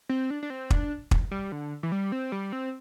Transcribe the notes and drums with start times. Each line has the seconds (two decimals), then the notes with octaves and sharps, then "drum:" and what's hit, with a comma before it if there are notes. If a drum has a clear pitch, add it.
0.09 C4
0.30 D4
0.43 D4
0.50 C4
0.70 D4, drum: kick
1.11 drum: kick
1.31 G3
1.52 D3
1.83 E3
1.92 G3
2.12 C4
2.32 G3
2.52 C4